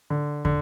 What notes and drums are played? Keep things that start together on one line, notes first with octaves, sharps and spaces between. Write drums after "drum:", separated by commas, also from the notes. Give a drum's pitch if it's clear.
D3
D3, drum: kick